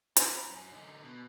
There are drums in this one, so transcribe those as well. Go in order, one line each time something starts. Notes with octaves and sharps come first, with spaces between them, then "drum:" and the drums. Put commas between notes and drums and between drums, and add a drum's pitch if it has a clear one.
A#5 B5, drum: hi-hat
F#2 C#4
D3 D#4
B2